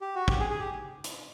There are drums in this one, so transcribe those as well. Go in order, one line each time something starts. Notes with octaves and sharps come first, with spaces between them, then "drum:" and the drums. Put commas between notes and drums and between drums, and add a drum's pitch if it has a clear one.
G4
F#4
G4, drum: kick
G#4
G#4
G4
drum: hi-hat